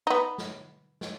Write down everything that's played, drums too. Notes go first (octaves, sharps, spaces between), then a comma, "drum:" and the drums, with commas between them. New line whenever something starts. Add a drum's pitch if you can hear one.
B3 D#4
drum: snare
drum: snare